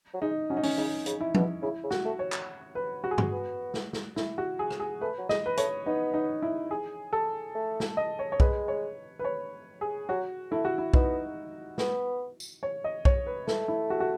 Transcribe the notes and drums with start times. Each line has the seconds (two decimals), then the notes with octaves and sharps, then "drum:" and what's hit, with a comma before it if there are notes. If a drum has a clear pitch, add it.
0.14 F#3
0.21 G#3 D#4
0.50 F#3 C#4
0.57 D#4
0.63 C#4, drum: open hi-hat
0.78 C#3 D#4
1.06 C#3, drum: hi-hat
1.21 E4
1.35 B2, drum: tom F3
1.62 C#3 E4
1.84 C#3
1.91 F#4, drum: snare
2.05 A3
2.19 C#5
2.32 drum: clap
2.75 B4
3.04 F#4
3.11 G#4
3.18 F#4, drum: tom G2
3.32 B3
3.74 drum: snare
3.93 drum: snare
4.16 E4, drum: snare
4.38 F#4
4.59 G#4
4.71 drum: rim click
4.80 G#4
5.01 A3 B4
5.18 F#3
5.29 G#3 D#5, drum: snare
5.46 B4
5.57 A3 C#5, drum: hi-hat
5.86 B3 D#4
6.14 D#4
6.42 E4
6.71 G#4
7.13 A4
7.55 A3
7.80 drum: snare
7.97 D#5
8.19 C#5
8.32 C#5
8.40 G#3 B4, drum: kick
8.68 C#5
9.19 B4
9.24 C#5
9.81 G#4
10.09 F#3 F#4
10.52 A3 E4
10.65 F#4
10.78 E4
10.94 B3 D#4, drum: kick
11.78 B3, drum: snare
12.40 drum: tambourine
12.63 C#5
12.84 D#5
13.05 C#5, drum: kick
13.27 B4
13.47 A3 B4, drum: snare
13.68 E4
13.90 F#4
14.00 F#4